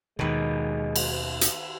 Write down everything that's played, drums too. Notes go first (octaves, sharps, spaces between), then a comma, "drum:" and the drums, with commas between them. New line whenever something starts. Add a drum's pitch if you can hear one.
D#2 B2 D#3 G#3 B4
drum: cymbal
drum: hi-hat